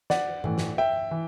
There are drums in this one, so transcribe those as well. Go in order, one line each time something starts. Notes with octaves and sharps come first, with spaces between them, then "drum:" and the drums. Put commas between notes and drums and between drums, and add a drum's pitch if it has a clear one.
D5 F#5, drum: snare
A2 E3, drum: tom G2
drum: snare
E5 G5
E3